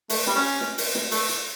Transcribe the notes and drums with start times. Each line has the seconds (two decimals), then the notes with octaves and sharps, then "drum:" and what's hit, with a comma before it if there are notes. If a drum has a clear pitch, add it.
0.10 A3, drum: open hi-hat
0.27 G3, drum: snare
0.35 C#4
0.61 drum: snare
0.78 drum: open hi-hat
0.95 drum: snare
1.11 A3, drum: open hi-hat
1.29 drum: hi-hat